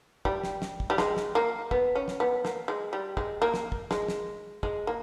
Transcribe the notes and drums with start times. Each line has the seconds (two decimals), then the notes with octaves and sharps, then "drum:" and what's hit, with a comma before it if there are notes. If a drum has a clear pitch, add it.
0.25 G3, drum: kick
0.44 drum: snare
0.62 drum: snare
0.80 drum: kick
0.90 G3
0.98 G#3, drum: snare
1.16 drum: snare
1.35 A#3
1.71 B3, drum: kick
1.95 C#4
2.08 drum: snare
2.20 B3
2.45 A#3, drum: snare
2.68 G#3
2.93 G3
3.17 G#3, drum: kick
3.42 A#3
3.54 drum: snare
3.72 drum: kick
3.91 G#3, drum: snare
4.08 drum: snare
4.63 G#3, drum: kick
4.87 A#3